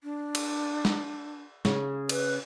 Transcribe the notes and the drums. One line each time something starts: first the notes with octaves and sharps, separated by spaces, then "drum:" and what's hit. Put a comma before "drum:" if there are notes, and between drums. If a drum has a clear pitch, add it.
D4
drum: cymbal
drum: snare
C#3, drum: snare
B4, drum: cymbal